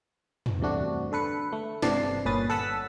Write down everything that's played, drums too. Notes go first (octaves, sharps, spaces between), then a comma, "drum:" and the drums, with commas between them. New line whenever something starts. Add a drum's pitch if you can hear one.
drum: tom
E2 G2 C3 A3 D4 F#4
D3 A4 B4 C#7
A3
G1 C3 E3 D4 A5 C7, drum: snare
G1 A#2 C#4 B4 D#6 A6
A4 F#5 E6 B6